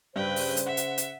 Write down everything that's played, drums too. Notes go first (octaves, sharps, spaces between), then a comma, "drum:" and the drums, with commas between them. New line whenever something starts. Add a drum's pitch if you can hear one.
G2 C#3 B4 C5 G5
drum: open hi-hat
drum: hi-hat
E5 F#5
drum: hi-hat
drum: hi-hat